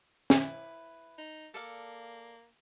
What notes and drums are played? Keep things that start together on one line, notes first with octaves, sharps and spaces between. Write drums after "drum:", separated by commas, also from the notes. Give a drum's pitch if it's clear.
E4 B4, drum: snare C#4
D#4
A#3 A4 D5 F5